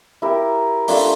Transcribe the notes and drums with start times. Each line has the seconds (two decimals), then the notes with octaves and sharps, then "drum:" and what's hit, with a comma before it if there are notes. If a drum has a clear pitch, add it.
0.22 E4 G4 A#4
0.88 A3 D4 F4, drum: open hi-hat